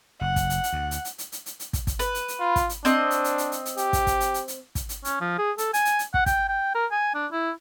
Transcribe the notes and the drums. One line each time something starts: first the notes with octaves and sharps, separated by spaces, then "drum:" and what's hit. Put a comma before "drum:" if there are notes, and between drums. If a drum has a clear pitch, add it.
F#1 F#5
drum: kick, hi-hat
drum: hi-hat
drum: hi-hat
D2
drum: hi-hat
drum: hi-hat
drum: hi-hat
drum: hi-hat
drum: hi-hat
drum: hi-hat
drum: kick, hi-hat
drum: kick, hi-hat
B4, drum: hi-hat
drum: hi-hat
drum: hi-hat
F4
drum: kick, hi-hat
drum: hi-hat
C4 D4 D#5, drum: hi-hat
drum: hi-hat
drum: hi-hat
drum: hi-hat
drum: hi-hat
drum: hi-hat
G4, drum: hi-hat
drum: kick, hi-hat
drum: kick, hi-hat
drum: hi-hat
drum: hi-hat
drum: hi-hat
drum: kick, hi-hat
drum: hi-hat
C#4, drum: hi-hat
F3
G#4
A4, drum: hi-hat
G#5, drum: hi-hat
drum: hi-hat
drum: hi-hat
F#5, drum: kick
G5, drum: kick, hi-hat
G5
A#4
G#5
D4
E4